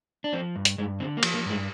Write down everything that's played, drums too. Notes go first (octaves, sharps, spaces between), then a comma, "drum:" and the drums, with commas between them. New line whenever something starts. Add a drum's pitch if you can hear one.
D4
F3 C4
G2
drum: hi-hat
G2 G#3
D3 C4
A#3
F3, drum: cymbal
A#3
G2 G#3